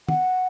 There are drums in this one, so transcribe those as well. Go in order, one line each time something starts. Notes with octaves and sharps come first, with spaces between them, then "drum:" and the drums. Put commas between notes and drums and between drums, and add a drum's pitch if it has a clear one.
F#5, drum: tom